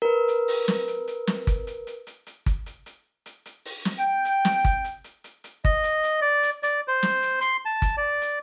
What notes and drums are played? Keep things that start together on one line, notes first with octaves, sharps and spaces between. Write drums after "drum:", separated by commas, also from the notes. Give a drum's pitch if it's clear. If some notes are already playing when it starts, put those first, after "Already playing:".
A#4 B4
drum: hi-hat
drum: open hi-hat
drum: snare
drum: hi-hat
drum: hi-hat
drum: snare
drum: kick G1, hi-hat
drum: hi-hat
drum: hi-hat
drum: hi-hat
drum: hi-hat
drum: kick G1, hi-hat
drum: hi-hat
drum: hi-hat
drum: hi-hat
drum: hi-hat
drum: open hi-hat
drum: snare
G5
drum: hi-hat
drum: snare
drum: kick G1, hi-hat
drum: hi-hat
drum: hi-hat
drum: hi-hat
drum: hi-hat
D#5, drum: kick G1
drum: hi-hat
drum: hi-hat
D5
drum: hi-hat
D5, drum: hi-hat
C5
drum: snare
drum: hi-hat
C6, drum: hi-hat
A5
drum: kick G1, hi-hat
D5
drum: hi-hat